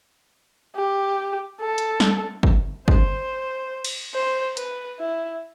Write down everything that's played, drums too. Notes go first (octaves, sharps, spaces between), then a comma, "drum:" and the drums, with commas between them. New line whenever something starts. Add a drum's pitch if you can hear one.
G4
A4
drum: hi-hat
drum: snare
drum: kick
C5, drum: kick
drum: cymbal
C5
B4, drum: hi-hat
E4